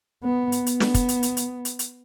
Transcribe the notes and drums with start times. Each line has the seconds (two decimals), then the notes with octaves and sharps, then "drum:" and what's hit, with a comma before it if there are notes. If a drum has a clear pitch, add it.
0.23 B3
0.52 drum: hi-hat
0.66 B3, drum: hi-hat
0.80 drum: snare
0.94 drum: kick, hi-hat
1.09 drum: hi-hat
1.23 drum: hi-hat
1.37 drum: hi-hat
1.65 drum: hi-hat
1.79 drum: hi-hat